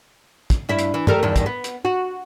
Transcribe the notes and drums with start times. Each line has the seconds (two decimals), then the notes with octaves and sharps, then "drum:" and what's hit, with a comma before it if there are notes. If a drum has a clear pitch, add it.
0.50 drum: kick, hi-hat
0.69 G2 E4 E5
0.79 drum: hi-hat
0.94 E3
1.07 G3 A3 A#4, drum: tom
1.23 E2 G2 D#3
1.36 drum: kick, hi-hat
1.46 B3
1.64 drum: hi-hat
1.85 F#4